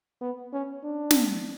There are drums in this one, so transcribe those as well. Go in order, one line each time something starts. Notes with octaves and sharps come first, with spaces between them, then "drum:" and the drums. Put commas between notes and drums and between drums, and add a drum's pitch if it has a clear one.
B3
C#4
D4
drum: snare